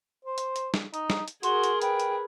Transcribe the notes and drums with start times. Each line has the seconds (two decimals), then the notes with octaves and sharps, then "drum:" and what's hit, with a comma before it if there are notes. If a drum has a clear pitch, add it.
0.25 C5
0.38 drum: hi-hat
0.56 drum: hi-hat
0.74 drum: snare
0.94 D#4, drum: hi-hat
1.10 drum: snare
1.28 drum: hi-hat
1.43 F#4 G#4 A#4 C6, drum: hi-hat
1.64 drum: hi-hat
1.82 B4 G5, drum: hi-hat
2.00 drum: hi-hat